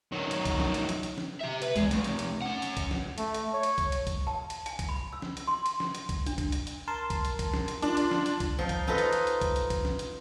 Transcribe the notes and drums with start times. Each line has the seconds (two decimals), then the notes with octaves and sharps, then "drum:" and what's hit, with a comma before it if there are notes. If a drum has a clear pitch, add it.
0.12 D#3 F#3
0.31 drum: hi-hat
0.45 drum: kick C2, hi-hat
0.60 drum: snare
0.74 drum: hi-hat
0.89 drum: hi-hat
1.03 drum: hi-hat
1.18 drum: snare
1.40 G4 E5
1.62 B4, drum: hi-hat
1.76 E3 G#3, drum: kick C2, hi-hat
1.91 C3 A3, drum: hi-hat
2.04 drum: hi-hat
2.19 drum: hi-hat
2.42 C#4 F#5
2.62 drum: hi-hat
2.77 drum: kick C2, hi-hat
2.91 drum: snare
3.18 A3, drum: hi-hat
3.34 drum: hi-hat
3.54 C#5
3.63 drum: hi-hat
3.78 drum: kick C2, hi-hat
3.92 drum: hi-hat
4.07 drum: kick C2, hi-hat
4.27 A5
4.50 drum: hi-hat
4.66 G#5, drum: hi-hat
4.79 drum: kick C2, hi-hat
4.89 B5
5.13 E6
5.22 drum: snare
5.37 drum: hi-hat
5.47 C6
5.66 drum: hi-hat
5.80 drum: snare
5.95 drum: hi-hat
6.09 drum: kick C2, hi-hat
6.26 D4, drum: hi-hat
6.38 drum: kick C2, hi-hat
6.52 drum: hi-hat
6.67 drum: hi-hat
6.88 A#4 A5 C6
7.10 drum: kick C2, hi-hat
7.25 drum: hi-hat
7.39 drum: kick C2, hi-hat
7.54 drum: snare
7.68 drum: hi-hat
7.82 D4 F4, drum: hi-hat
7.97 drum: hi-hat
8.11 drum: snare
8.26 drum: hi-hat
8.40 drum: kick C2, hi-hat
8.58 F3 D#4
8.69 drum: kick C2, hi-hat
8.87 D#4 F4 A4 B4 D#5
8.98 drum: hi-hat
9.13 drum: hi-hat
9.27 drum: hi-hat
9.41 drum: kick C2, hi-hat
9.56 drum: hi-hat
9.70 drum: kick C2, hi-hat
9.85 drum: snare
9.99 drum: hi-hat